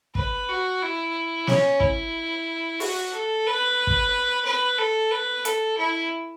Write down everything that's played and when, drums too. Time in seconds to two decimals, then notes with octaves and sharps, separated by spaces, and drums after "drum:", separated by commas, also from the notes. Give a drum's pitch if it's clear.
0.15 B4, drum: kick
0.49 F#4
0.82 E4
1.47 C#4, drum: snare
1.80 E4, drum: kick
2.80 F#4, drum: open hi-hat
3.13 A4
3.46 B4
3.87 drum: kick
4.45 B4
4.78 A4
5.11 B4
5.45 A4, drum: hi-hat
5.78 E4